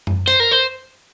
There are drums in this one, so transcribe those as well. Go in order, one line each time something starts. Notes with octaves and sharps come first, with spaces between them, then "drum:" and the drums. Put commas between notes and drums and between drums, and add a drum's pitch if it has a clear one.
drum: tom F#2
C5, drum: hi-hat
A#4
C5